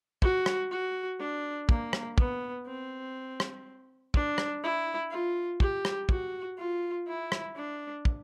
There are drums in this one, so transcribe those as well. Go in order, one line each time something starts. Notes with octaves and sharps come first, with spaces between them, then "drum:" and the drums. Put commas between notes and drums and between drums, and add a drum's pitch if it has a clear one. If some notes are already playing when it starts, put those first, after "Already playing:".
F#4, drum: kick
drum: rim click
F#4
D4
A#3, drum: kick
drum: rim click
B3, drum: kick
C4
drum: rim click
D4, drum: kick
drum: rim click
E4
F4
G4, drum: kick
drum: rim click
F#4, drum: kick
F4
E4
drum: rim click
D4
drum: kick